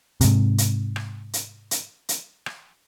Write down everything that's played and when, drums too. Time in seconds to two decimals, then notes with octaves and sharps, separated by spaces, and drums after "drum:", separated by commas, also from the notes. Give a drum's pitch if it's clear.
0.21 G#2 C3, drum: hi-hat
0.58 drum: hi-hat
0.96 drum: rim click
1.33 drum: hi-hat
1.71 drum: hi-hat
2.09 drum: hi-hat
2.46 drum: rim click